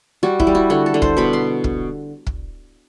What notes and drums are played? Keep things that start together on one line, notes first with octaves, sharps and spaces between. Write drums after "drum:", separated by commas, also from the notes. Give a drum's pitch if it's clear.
G3 F#4
E4, drum: kick
G3
F#4
D3 F#4
A4
D3
C5, drum: kick
B2 B5
C6
drum: kick
drum: kick